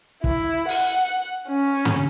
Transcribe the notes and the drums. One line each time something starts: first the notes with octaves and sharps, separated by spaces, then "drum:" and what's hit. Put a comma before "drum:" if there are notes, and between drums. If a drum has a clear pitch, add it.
E4, drum: kick
F#5, drum: open hi-hat
C#4
drum: tom